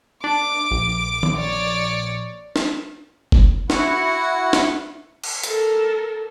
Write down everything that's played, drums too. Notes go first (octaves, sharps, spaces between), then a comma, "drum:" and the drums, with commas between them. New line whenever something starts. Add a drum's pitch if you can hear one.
D4 D6
A#1
drum: tom D#3
C#5 D5
drum: snare
drum: kick F#1
E4 F#4 F#5, drum: snare
drum: snare
drum: cymbal
A4 A#4, drum: hi-hat